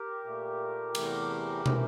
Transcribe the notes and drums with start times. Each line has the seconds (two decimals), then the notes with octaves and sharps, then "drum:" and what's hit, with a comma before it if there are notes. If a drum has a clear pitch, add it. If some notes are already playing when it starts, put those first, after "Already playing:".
Already playing: G4 A#4
0.24 A#2 A3
0.95 E2 C3 E3 A3, drum: cymbal
1.66 C3 E3 A3, drum: tom